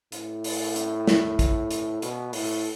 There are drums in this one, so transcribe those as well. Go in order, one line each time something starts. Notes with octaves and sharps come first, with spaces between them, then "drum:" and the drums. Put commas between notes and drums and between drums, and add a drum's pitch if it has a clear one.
A2, drum: hi-hat
drum: open hi-hat
drum: hi-hat
drum: snare
drum: kick A#1, hi-hat
drum: hi-hat
B2, drum: hi-hat
A2, drum: open hi-hat